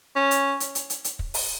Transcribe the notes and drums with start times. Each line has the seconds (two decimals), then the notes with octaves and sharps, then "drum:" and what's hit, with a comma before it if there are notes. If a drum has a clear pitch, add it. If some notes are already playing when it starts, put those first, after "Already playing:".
0.16 C#4
0.31 drum: hi-hat
0.60 drum: hi-hat
0.75 drum: hi-hat
0.90 drum: hi-hat
1.04 drum: hi-hat
1.19 drum: kick
1.34 drum: open hi-hat